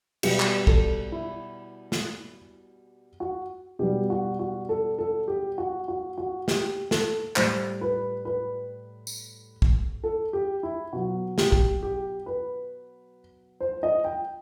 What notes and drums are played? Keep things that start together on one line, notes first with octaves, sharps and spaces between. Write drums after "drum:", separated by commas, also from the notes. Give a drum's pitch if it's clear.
B2 G3 G4, drum: cymbal
drum: clap
A4, drum: kick
E4
drum: snare
F#4
B2 G3 G4
F#4
F#4
A4
A4
G4
F#4
F#4
F#4
G4, drum: snare
A4, drum: snare
A2 G3 C5, drum: clap
B4
B4
drum: tambourine
drum: kick
A4
G4
E4
B2 F#3 F#4
G4, drum: snare
drum: kick
G4
B4
C5
D#5
G5